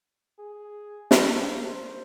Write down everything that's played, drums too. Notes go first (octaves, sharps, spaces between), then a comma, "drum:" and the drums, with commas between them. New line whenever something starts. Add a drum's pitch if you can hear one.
G#4
drum: snare
A#4
C5